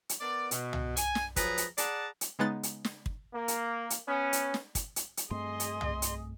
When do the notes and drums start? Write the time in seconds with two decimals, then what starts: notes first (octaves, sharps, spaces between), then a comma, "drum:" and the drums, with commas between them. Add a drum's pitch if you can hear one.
0.09 drum: hi-hat
0.21 B3 A#4 D5
0.51 B2, drum: hi-hat
0.73 drum: tom C2
0.97 G#5, drum: hi-hat
1.15 drum: snare
1.36 F3 F#3 G#4 B4 A#5, drum: kick, hi-hat
1.58 drum: hi-hat
1.78 G#4 D5 F#5 A5 A#5, drum: hi-hat
2.21 drum: hi-hat
2.39 C#3 G#3 B3 D#4 F#6 A6
2.63 drum: hi-hat
2.85 drum: snare
3.06 drum: kick
3.34 A#3
3.48 drum: hi-hat
3.90 drum: hi-hat
4.07 B3 C#4
4.33 drum: hi-hat
4.54 drum: snare
4.75 drum: kick, hi-hat
4.96 drum: hi-hat
5.17 drum: hi-hat
5.31 G2 A3 C4 G#4 D#5 C6
5.60 drum: hi-hat
5.81 drum: tom C2
6.02 drum: hi-hat